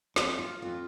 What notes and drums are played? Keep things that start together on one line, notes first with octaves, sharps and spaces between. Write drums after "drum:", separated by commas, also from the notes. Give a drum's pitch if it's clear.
F2 F4, drum: snare
F4
F2 F4